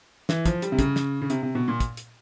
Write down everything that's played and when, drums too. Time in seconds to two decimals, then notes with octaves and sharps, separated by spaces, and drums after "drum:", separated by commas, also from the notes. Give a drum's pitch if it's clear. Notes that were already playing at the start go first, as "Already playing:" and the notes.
0.29 E3, drum: snare
0.46 F3, drum: kick, hi-hat
0.62 G3, drum: hi-hat
0.72 C3
0.79 C#3, drum: kick, hi-hat
0.96 drum: snare
1.22 C#3
1.30 C3, drum: hi-hat
1.43 C3
1.55 B2
1.68 A#2
1.80 drum: kick, hi-hat
1.97 drum: hi-hat